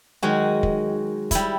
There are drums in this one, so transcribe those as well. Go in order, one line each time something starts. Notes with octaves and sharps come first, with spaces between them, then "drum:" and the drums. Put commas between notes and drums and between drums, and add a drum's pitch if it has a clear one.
D#3 F#3 G#3 F#4
drum: kick
G3 E4, drum: kick, hi-hat